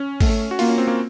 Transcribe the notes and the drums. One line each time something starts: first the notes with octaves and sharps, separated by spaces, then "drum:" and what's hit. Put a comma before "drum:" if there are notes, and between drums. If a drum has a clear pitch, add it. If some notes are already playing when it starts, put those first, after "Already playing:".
Already playing: C#4
A3, drum: kick, open hi-hat
F#4
A#3 F4, drum: open hi-hat
C#4
C4
A#3